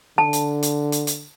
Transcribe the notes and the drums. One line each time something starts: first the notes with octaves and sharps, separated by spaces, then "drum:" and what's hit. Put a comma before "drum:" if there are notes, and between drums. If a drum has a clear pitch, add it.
D3 A5
drum: hi-hat
drum: hi-hat
drum: hi-hat
drum: hi-hat